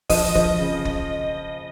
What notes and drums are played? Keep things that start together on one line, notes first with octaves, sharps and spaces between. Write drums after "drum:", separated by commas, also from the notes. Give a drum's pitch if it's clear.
F3 D#5, drum: kick, open hi-hat
F3, drum: kick
C#3
drum: kick